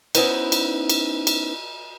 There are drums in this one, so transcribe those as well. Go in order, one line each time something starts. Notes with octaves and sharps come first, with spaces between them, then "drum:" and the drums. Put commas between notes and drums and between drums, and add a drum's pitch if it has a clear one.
B3 C#4 D#4 E4 B4 C5, drum: cymbal
drum: cymbal
drum: cymbal
drum: cymbal